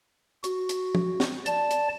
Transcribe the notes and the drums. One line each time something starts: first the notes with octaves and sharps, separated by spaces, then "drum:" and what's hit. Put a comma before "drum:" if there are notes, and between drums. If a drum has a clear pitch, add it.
F#4, drum: hi-hat
drum: hi-hat
drum: tom
drum: snare
D5 A5, drum: hi-hat
drum: hi-hat